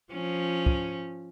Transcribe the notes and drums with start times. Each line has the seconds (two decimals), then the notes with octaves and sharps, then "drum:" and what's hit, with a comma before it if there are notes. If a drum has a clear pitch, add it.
0.13 F3 C#4
0.66 drum: kick